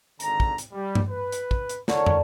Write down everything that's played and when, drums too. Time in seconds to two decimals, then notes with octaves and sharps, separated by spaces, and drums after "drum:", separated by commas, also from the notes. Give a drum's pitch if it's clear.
0.20 G#1 D3 A#5, drum: hi-hat
0.40 drum: kick
0.58 drum: hi-hat
0.72 G3
0.95 drum: tom G2
1.08 B4
1.32 drum: hi-hat
1.51 drum: kick
1.69 drum: hi-hat
1.88 D3 E4 A#4 C#5, drum: snare
2.06 drum: tom